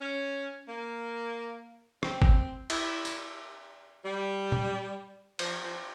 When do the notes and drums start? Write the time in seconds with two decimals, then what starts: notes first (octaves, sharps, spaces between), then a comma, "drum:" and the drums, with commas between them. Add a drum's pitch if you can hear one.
0.01 C#4
0.68 A#3
2.03 C4, drum: rim click
2.22 drum: kick
2.70 E4, drum: cymbal
3.05 drum: tambourine
4.05 G3
4.52 drum: tom
5.39 F3, drum: cymbal
5.62 F3